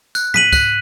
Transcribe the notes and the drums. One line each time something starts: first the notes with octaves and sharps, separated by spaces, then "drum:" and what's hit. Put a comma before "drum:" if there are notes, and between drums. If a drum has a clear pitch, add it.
F#6, drum: tambourine
B6 D#7 F#7, drum: tom
F#6, drum: kick, tambourine